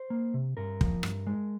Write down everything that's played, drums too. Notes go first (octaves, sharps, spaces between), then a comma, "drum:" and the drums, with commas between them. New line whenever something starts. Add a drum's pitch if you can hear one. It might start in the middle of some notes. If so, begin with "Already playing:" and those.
Already playing: C5
A#3
C3
G2 A#4
F3, drum: kick
G2, drum: rim click
G#3